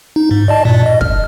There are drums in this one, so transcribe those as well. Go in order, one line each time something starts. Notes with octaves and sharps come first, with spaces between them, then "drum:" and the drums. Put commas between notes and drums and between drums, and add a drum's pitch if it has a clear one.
D#4
G#2
D5 D#5 A5
G2 A#2
D#5
F6, drum: kick